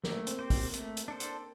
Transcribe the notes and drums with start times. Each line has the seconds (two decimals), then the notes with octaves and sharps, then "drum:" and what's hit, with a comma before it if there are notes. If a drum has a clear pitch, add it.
0.04 A3 A#3, drum: snare
0.27 C4, drum: hi-hat
0.39 C4 G4 C5
0.50 drum: kick, open hi-hat
0.74 A3, drum: hi-hat
0.97 drum: hi-hat
1.08 D4 A4 C5
1.20 drum: hi-hat